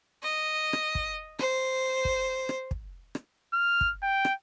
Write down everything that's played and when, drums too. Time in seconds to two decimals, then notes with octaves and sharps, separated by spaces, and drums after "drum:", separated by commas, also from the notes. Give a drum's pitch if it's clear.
0.23 D#5
0.73 drum: rim click
0.95 drum: kick
1.39 C5, drum: rim click
2.05 drum: kick
2.49 drum: rim click
2.71 drum: kick
3.15 drum: rim click
3.53 F6
3.81 drum: kick
4.03 G5
4.25 drum: rim click